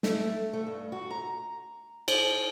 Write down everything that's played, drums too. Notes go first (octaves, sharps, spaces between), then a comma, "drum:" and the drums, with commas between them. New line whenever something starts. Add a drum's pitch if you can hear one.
A3, drum: snare
A3
G2
F#4
A#5
C5, drum: cymbal